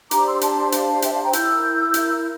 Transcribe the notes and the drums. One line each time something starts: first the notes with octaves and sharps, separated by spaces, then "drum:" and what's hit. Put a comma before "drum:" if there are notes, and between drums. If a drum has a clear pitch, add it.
D4 G4 C5 A#5 D6, drum: hi-hat
C6 E6
A5 C6, drum: hi-hat
F5 A5, drum: hi-hat
E5 G5, drum: hi-hat
F5 A5
G5 A#5
E4 A#4 E6 G6, drum: hi-hat
drum: hi-hat